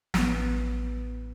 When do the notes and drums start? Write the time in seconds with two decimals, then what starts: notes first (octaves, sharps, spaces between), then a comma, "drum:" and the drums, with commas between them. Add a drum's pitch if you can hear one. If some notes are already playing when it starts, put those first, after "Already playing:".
0.14 A1 B3, drum: snare